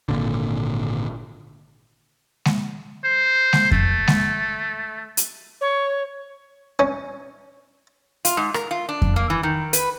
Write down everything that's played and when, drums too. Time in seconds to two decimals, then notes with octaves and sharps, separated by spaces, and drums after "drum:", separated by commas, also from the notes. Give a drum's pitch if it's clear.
0.09 G#1 A#2 D3
2.45 drum: snare G#3
3.04 C5
3.53 drum: snare G#3
3.71 A3, drum: kick F2
4.08 drum: snare G#3
5.17 drum: hi-hat
5.61 C#5
6.79 C#4
8.25 F4, drum: hi-hat
8.37 G#2
8.54 A#4, drum: rim click
8.71 F4
8.89 D4
9.02 drum: kick F2
9.16 A#3
9.30 E3
9.43 D#3
9.73 B4, drum: hi-hat